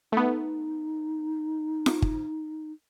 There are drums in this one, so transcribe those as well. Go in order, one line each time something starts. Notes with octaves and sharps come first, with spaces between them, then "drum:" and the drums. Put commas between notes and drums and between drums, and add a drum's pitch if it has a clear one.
A3 B3 D#4
drum: snare F4
drum: kick G1